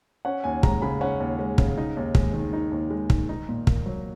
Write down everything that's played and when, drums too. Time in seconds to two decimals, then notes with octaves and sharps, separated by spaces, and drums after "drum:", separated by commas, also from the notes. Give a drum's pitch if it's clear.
0.25 C#4 F#5
0.44 D#2 G#5
0.63 G#3 A#5, drum: kick
0.82 C#3 B5
1.01 C#4 F#5
1.20 D#2
1.39 G#3
1.58 C#3, drum: kick
1.78 D#4
1.97 D#2
2.15 G#3, drum: kick
2.34 D#3
2.53 D#4
2.72 D#2
2.91 G#3
3.10 D#3, drum: kick
3.29 D#4
3.49 A#2
3.67 A#3, drum: kick
3.86 F#3